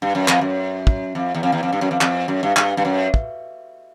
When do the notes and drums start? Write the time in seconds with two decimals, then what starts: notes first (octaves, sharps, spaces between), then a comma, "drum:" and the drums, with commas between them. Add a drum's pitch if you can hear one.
0.02 G2
0.15 F#2
0.28 F2, drum: clap
0.41 F#2
0.87 drum: kick
1.15 F2
1.35 E2
1.43 F2
1.52 E2
1.63 F2
1.73 G2
1.81 F#2
1.91 F2
2.01 F2, drum: clap
2.28 F#2
2.43 G2
2.56 G2, drum: clap
2.77 G2
2.85 F#2
3.14 drum: kick